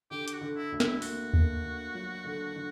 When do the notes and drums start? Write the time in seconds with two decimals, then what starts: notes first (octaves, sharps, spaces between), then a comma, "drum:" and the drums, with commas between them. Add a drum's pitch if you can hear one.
0.11 D3 G4
0.28 G4, drum: hi-hat
0.33 F#4
0.41 D3
0.57 E4
0.72 D2
0.80 E4, drum: snare
1.02 A#3 F#4, drum: open hi-hat
1.33 A#3, drum: kick D#2
1.63 D3
1.94 F#3
2.25 D3
2.56 D3